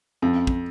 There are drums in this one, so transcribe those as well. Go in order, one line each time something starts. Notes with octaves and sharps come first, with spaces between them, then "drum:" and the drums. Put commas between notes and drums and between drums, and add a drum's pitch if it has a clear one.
F2
drum: kick